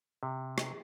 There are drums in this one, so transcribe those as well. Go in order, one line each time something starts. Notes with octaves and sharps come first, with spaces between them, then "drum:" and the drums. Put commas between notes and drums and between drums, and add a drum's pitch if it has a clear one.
C3
drum: rim click